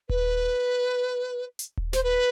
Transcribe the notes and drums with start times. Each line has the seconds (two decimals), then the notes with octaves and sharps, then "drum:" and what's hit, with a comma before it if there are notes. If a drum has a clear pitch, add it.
0.09 B4, drum: kick D#1
1.59 drum: hi-hat
1.77 drum: kick D#1
1.93 C5, drum: snare
2.03 B4